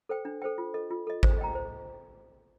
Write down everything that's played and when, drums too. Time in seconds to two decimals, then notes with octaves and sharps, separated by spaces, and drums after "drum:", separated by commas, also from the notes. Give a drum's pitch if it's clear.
0.09 A4 C5 G5
0.25 D4
0.42 A4 C5 G5
0.58 F4
0.74 A4 D#5
0.90 F4
1.07 A4 D#5
1.23 C5, drum: kick G#1
1.39 D#5 G5 A#5
1.55 C5